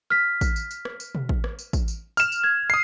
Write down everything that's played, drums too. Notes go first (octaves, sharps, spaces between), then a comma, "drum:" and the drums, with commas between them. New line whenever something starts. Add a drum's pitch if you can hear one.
F6 B6
drum: kick, tambourine
drum: tambourine
drum: tambourine
drum: rim click
drum: tambourine
drum: tom B2
drum: kick
drum: rim click
drum: tambourine
drum: kick, tambourine
drum: tambourine
F6 E7, drum: tambourine
drum: tambourine
G#6
D#6 C7